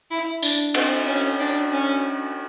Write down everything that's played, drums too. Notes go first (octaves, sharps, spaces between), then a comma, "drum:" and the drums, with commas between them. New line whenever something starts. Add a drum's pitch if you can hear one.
E4
D4, drum: tambourine
C4, drum: cymbal
C#4
D4
C#4